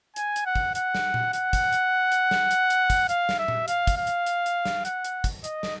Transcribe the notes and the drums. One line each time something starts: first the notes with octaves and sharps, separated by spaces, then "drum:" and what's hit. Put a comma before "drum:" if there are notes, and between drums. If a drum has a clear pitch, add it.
G#5, drum: hi-hat
drum: hi-hat
F#5
drum: kick
F#5, drum: hi-hat
drum: snare
drum: tom A#2
F#5, drum: hi-hat
drum: kick, hi-hat
drum: hi-hat
drum: hi-hat
drum: snare
drum: hi-hat
drum: hi-hat
drum: kick, hi-hat
F5, drum: hi-hat
drum: snare
E5
drum: tom A#2
F5, drum: hi-hat
drum: kick, hi-hat
F5
drum: hi-hat
drum: hi-hat
drum: hi-hat
drum: snare
F#5, drum: hi-hat
drum: hi-hat
drum: kick, hi-hat
D#5, drum: hi-hat
drum: snare